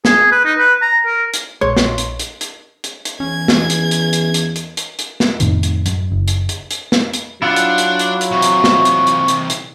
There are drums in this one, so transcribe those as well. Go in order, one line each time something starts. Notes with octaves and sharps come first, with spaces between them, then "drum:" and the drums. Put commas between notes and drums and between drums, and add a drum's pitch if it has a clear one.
G#4, drum: snare
B4
D#4
B4
A#5
A#4
drum: hi-hat
A#1 C#5 C6
drum: snare
drum: hi-hat
drum: hi-hat
drum: hi-hat
drum: hi-hat
drum: hi-hat
E2 C#4 G#6
drum: snare
drum: hi-hat
drum: hi-hat
drum: hi-hat
drum: hi-hat
drum: hi-hat
drum: hi-hat
drum: hi-hat
drum: snare
F2 A2 C3 D#3, drum: hi-hat
drum: hi-hat
F#2, drum: hi-hat
F#1
drum: hi-hat
drum: hi-hat
drum: hi-hat
drum: snare
drum: hi-hat
F#3 D4 E4 F4 D5 F#5
drum: hi-hat
drum: hi-hat
drum: hi-hat
drum: hi-hat
C3 E3 C#6
drum: hi-hat
drum: snare
drum: hi-hat
drum: hi-hat
drum: hi-hat
drum: hi-hat